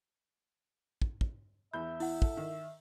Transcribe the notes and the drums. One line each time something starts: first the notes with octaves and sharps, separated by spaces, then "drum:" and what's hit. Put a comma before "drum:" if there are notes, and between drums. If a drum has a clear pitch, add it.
drum: kick
drum: kick
E2 E3 E5 B5 G6
E4 F#5, drum: open hi-hat
A4, drum: kick
D#3